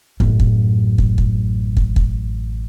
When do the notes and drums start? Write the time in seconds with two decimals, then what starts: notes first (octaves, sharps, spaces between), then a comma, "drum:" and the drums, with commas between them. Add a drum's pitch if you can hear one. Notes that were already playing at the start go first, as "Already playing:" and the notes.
0.20 A1 F#2, drum: kick
0.40 drum: kick
0.98 drum: kick
1.18 drum: kick
1.77 drum: kick
1.96 drum: kick